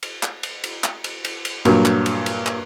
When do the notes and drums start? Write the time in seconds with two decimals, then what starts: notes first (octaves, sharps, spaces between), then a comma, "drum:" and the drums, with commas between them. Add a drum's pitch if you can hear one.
0.03 drum: cymbal
0.23 drum: clap
0.43 drum: cymbal
0.64 drum: cymbal
0.84 drum: clap
1.04 drum: cymbal
1.25 drum: cymbal
1.45 drum: cymbal
1.65 G2 A#2 F#3, drum: cymbal
1.86 drum: clap
2.06 drum: cymbal
2.26 drum: cymbal
2.46 drum: clap